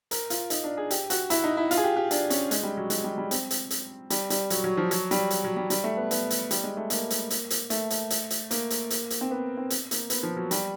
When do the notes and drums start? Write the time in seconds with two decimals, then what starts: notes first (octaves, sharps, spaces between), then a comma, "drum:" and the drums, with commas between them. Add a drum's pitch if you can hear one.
0.11 A#4, drum: hi-hat
0.30 F4, drum: hi-hat
0.50 D#4, drum: hi-hat
0.64 D4
0.77 G#4
0.91 G4, drum: hi-hat
1.10 F#4, drum: hi-hat
1.30 E4, drum: hi-hat
1.44 D#4
1.57 E4
1.71 F4, drum: hi-hat
1.77 G#4
1.84 G4
1.97 G4
2.11 D4, drum: hi-hat
2.30 C#4, drum: hi-hat
2.51 G#3, drum: hi-hat
2.63 G3
2.77 F#3
2.90 G#3, drum: hi-hat
3.04 G3
3.18 G3
3.31 C4, drum: hi-hat
3.50 drum: hi-hat
3.70 drum: hi-hat
4.10 G3, drum: hi-hat
4.30 G3, drum: hi-hat
4.50 F#3, drum: hi-hat
4.64 F#3
4.77 F3
4.91 F#3, drum: hi-hat
5.11 G3, drum: hi-hat
5.30 drum: hi-hat
5.44 F#3
5.57 G3
5.70 G3, drum: hi-hat
5.84 A3
5.97 B3
6.11 B3, drum: hi-hat
6.30 drum: hi-hat
6.51 G3, drum: hi-hat
6.64 G#3
6.77 A3
6.90 A#3, drum: hi-hat
7.10 drum: hi-hat
7.30 drum: hi-hat
7.50 drum: hi-hat
7.70 A3, drum: hi-hat
7.90 drum: hi-hat
8.10 drum: hi-hat
8.30 drum: hi-hat
8.51 A#3, drum: hi-hat
8.70 drum: hi-hat
8.90 drum: hi-hat
9.10 drum: hi-hat
9.21 C4
9.31 B3
9.57 C4
9.70 drum: hi-hat
9.91 A#3, drum: hi-hat
10.10 B3, drum: hi-hat
10.23 F3
10.37 F#3
10.51 G3, drum: hi-hat